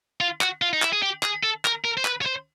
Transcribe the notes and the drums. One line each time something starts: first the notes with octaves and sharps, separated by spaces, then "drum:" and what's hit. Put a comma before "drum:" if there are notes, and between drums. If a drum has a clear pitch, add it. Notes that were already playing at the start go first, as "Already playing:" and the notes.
F4
F#4, drum: clap
F4
D#4
E4, drum: clap
G#4
G4
G#4, drum: clap
A4
A#4, drum: clap
A#4
C5
B4, drum: clap
C#5
C5